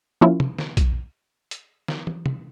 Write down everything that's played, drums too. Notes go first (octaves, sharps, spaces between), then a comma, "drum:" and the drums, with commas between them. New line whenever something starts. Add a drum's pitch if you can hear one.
F3 A#3 C#4 E4 F4
drum: tom
drum: snare
drum: kick, hi-hat
drum: hi-hat
drum: snare
drum: tom
drum: tom